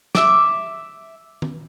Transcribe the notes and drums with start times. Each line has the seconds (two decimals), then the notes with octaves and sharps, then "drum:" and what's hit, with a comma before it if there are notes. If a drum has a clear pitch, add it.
0.15 E5 D6, drum: snare
1.42 drum: tom